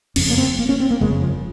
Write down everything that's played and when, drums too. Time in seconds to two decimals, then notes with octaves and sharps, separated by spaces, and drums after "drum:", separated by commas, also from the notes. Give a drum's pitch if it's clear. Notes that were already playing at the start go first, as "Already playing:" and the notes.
0.16 F#1 F2 C#3 C#4, drum: cymbal
0.30 A#3
0.38 C4
0.59 A#3
0.69 C#4
0.80 C4
0.90 A#3
1.01 F#1 F2 C#3 G#3
1.22 F3